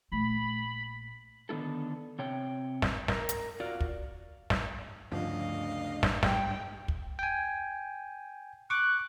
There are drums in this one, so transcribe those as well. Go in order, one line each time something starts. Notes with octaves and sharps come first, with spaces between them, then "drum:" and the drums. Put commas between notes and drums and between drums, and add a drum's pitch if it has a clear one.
A#1 A3 B5
D3 D#3 B3 E4 A4
C3 C#5 G5
drum: snare
A#4, drum: snare
drum: hi-hat
F4 F#4 A#4 D5 F5
drum: kick
drum: snare
D2 G2 C#3 F3 D#5 F5
drum: snare
G#2 G3 G5, drum: snare
drum: kick
G5 G#5
C#6 D6 F#6